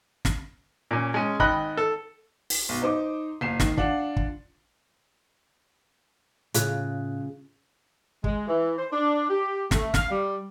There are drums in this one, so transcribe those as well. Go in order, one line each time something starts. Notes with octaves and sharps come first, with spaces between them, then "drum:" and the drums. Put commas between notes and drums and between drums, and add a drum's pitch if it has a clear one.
drum: snare
A#2 C#4
G#3 C#4
G#1 D#5 G5 B5 F#6, drum: kick
A4
drum: open hi-hat
B1
D#4 C5 D6
F#1 C7 E7
D#3, drum: snare
D4 F4 F#5 F#7, drum: kick
drum: kick
A2 C#3 F4 F#6, drum: hi-hat
G#3, drum: kick
E3
C5
D4
G4
A3, drum: snare
F5, drum: snare
G3